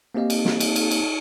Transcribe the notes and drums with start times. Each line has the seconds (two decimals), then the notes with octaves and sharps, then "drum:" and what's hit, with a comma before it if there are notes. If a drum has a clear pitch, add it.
0.15 A#3 C4 C#4 G4 D#5 F5
0.30 drum: cymbal
0.45 drum: snare
0.60 drum: cymbal
0.76 drum: cymbal
0.91 drum: cymbal